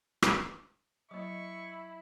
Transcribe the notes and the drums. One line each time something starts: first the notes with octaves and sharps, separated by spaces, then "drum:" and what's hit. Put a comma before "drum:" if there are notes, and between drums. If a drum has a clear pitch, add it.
drum: rim click
F#3 A#3 E4 D#5 C#6 D#6